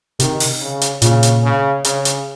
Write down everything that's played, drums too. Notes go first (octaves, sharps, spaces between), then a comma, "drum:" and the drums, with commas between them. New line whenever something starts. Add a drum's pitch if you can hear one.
C3 D#3, drum: hi-hat
drum: open hi-hat
C#3
drum: hi-hat
A#2 C#3, drum: hi-hat
drum: hi-hat
C#3
C#3, drum: hi-hat
drum: hi-hat